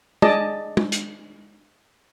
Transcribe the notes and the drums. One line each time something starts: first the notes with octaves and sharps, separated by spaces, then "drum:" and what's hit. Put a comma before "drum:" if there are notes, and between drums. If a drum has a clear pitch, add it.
G#4 D5 D#5 A5, drum: tom
drum: tom
drum: hi-hat